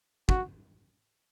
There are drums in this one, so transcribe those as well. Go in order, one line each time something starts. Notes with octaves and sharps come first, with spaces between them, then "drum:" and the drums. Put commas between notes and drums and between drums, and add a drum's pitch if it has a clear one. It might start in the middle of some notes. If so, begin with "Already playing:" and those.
F#4, drum: kick